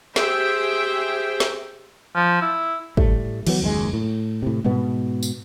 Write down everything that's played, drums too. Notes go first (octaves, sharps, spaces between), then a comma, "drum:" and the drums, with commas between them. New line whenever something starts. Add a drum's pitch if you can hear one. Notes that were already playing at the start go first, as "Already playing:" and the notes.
G4 G#4 C5 E5 G5, drum: snare
drum: snare
F3
E4
A2 G3 A3, drum: kick
E3 F#3 B3, drum: cymbal
F#1 D#2 A#2 G#3
A2
A2 C3
G#2 B2 B3, drum: tom G3
drum: tambourine